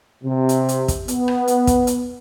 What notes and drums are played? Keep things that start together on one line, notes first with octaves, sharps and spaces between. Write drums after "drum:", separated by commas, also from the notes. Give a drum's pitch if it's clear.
C3
drum: hi-hat
drum: hi-hat
drum: kick, hi-hat
B3, drum: hi-hat
drum: rim click
drum: hi-hat
drum: kick, hi-hat
drum: hi-hat